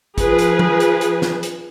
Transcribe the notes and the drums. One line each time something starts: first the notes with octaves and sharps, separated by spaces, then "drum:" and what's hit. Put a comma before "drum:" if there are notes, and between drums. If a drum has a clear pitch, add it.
F3 G#4 B4, drum: kick, hi-hat
drum: hi-hat
drum: tom F3
drum: hi-hat
drum: hi-hat
drum: snare
drum: hi-hat